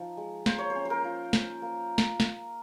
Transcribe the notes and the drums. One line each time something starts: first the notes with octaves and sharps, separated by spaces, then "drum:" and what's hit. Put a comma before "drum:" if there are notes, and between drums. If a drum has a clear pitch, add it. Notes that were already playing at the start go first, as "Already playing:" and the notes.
Already playing: F3 D#4
G#3
A#3 C5, drum: snare
C#5
C5
C#4
A#4 C5
F4
A#3, drum: snare
A#3
drum: snare
drum: snare